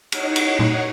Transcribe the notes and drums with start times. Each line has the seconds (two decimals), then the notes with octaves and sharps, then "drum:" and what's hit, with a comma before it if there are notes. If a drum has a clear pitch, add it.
0.12 D#4 C#5 F#5, drum: cymbal
0.36 drum: cymbal
0.59 drum: tom A#2